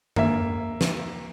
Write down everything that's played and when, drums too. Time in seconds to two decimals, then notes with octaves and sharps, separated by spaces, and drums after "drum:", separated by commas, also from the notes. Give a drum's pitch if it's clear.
0.16 A#3 E5, drum: tom F#2
0.81 drum: snare